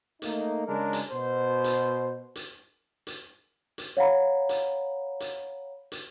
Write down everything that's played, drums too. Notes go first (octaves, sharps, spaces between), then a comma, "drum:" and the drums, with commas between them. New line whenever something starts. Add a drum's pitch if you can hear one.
A3 A#3 D#4, drum: hi-hat
C#3 G#3 D4 A#4
drum: hi-hat
B2 C5
drum: hi-hat
drum: hi-hat
drum: hi-hat
drum: hi-hat
C#5 F5 F#5 A#5 B5
drum: hi-hat
drum: hi-hat
drum: hi-hat